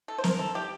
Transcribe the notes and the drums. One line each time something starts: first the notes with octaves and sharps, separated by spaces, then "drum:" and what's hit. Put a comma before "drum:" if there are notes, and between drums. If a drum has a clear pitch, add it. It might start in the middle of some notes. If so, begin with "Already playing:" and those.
A4
C5
A#4, drum: snare
A4
G4